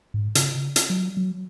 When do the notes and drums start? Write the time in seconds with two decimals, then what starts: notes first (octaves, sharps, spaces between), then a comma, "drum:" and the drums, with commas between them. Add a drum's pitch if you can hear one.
0.14 G#2
0.35 C#3, drum: hi-hat
0.76 drum: hi-hat
0.90 F#3
1.17 F#3